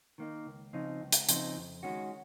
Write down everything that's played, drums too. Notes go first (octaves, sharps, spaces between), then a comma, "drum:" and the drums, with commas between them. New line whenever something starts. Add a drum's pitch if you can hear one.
D#3 A#3 D#4
C#2
C#3 F3 C4 D#4
C#2
drum: hi-hat
C#3 F3 C4 D#4, drum: hi-hat
F2
D#3 G#3 C#4 F#4